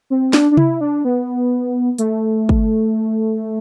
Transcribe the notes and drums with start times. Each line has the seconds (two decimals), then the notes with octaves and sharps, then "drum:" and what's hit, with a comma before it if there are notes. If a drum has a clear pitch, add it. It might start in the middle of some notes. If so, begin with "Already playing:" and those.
0.10 C4
0.33 D4, drum: snare
0.51 D4
0.57 E4, drum: tom C3
0.81 D4
1.05 B3
1.98 A3, drum: hi-hat
2.49 drum: kick